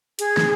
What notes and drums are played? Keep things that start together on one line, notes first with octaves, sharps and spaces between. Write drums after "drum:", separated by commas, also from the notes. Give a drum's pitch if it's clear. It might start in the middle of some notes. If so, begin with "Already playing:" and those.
G#4, drum: hi-hat
drum: snare